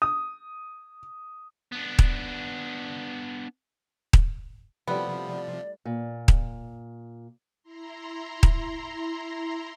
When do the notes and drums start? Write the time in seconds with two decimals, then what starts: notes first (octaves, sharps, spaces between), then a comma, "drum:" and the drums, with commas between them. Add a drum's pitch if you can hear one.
0.02 D#6
1.72 B3 D4
1.99 drum: kick D#1
4.13 drum: kick D#1
4.87 C3 F3 G3 A3 B3 E4
5.26 D5
5.85 A#2
6.28 drum: kick D#1
7.63 E4 A#5 C6
8.43 drum: kick D#1